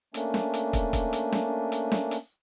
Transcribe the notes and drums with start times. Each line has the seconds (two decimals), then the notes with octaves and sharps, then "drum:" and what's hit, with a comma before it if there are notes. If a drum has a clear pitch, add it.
0.14 A3 A#3 C#4 D4, drum: hi-hat
0.34 drum: snare
0.54 drum: hi-hat
0.73 drum: kick, hi-hat
0.93 drum: kick, hi-hat
1.13 drum: hi-hat
1.32 drum: snare
1.72 drum: hi-hat
1.92 drum: snare
2.11 drum: hi-hat